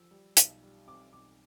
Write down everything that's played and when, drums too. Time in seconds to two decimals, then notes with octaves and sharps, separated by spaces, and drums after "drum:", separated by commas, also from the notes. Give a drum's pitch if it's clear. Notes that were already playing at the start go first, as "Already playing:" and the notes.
Already playing: F3 E6
0.11 G3
0.37 B1, drum: hi-hat
0.63 G3
0.87 C4 D6
1.13 B1 D6